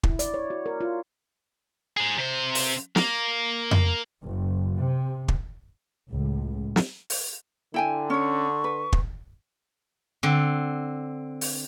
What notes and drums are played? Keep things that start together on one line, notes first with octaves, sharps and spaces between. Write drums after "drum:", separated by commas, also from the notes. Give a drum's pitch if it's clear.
E4, drum: kick
D5, drum: hi-hat
C#5
F#4
A#4
F4
G#4 C5
C3 C5
drum: open hi-hat
A#3, drum: snare
drum: tom F2
F#1
C3
drum: kick
C#2 A2
drum: snare
drum: open hi-hat
D3 E4 G5 G#5
C#4 C#5 C#6
B4
drum: kick
D3 C4
drum: open hi-hat